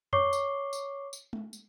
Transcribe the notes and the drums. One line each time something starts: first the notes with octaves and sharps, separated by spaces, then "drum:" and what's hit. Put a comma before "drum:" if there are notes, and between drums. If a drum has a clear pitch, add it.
C#5 C#6 D6 C7 G7, drum: tom F2
drum: tambourine
drum: tambourine
drum: tambourine
drum: tom
drum: tambourine